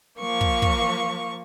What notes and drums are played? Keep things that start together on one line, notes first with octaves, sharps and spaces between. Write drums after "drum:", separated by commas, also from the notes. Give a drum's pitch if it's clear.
F3 A#3 C#6
drum: kick
drum: kick